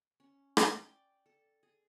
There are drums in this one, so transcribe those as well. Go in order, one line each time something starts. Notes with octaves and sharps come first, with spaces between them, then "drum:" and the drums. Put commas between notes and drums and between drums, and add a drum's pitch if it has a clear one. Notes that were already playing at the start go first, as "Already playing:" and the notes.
C#4
drum: rim click
D5 G5 D6
A4
G#4